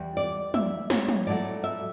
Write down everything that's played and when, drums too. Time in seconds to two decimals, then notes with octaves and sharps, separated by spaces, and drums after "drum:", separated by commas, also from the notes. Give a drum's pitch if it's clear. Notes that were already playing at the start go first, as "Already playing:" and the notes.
Already playing: E2 G3
0.17 D5
0.54 E5, drum: tom
0.90 C#5, drum: snare
1.09 drum: tom
1.27 A2 F#3 A3 D5
1.64 E5